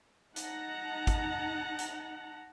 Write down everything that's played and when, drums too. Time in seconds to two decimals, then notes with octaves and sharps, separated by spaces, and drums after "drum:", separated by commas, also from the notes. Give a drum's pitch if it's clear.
0.36 D#4 F#5 A5 A#5, drum: hi-hat
1.07 drum: kick G#1, hi-hat
1.79 drum: hi-hat